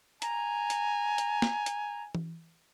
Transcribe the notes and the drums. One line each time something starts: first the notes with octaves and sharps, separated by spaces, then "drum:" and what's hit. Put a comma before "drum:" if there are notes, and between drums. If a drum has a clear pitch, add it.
G#5 A#5, drum: hi-hat
drum: hi-hat
drum: hi-hat
drum: snare
drum: hi-hat
drum: tom E3